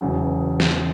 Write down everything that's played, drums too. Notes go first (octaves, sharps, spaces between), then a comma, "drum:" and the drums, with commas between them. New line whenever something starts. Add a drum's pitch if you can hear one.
E1 E2 C#3 F#3
drum: snare